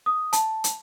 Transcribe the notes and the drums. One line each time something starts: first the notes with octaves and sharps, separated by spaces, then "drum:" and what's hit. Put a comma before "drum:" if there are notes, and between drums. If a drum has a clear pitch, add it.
D#6
A5, drum: hi-hat
drum: hi-hat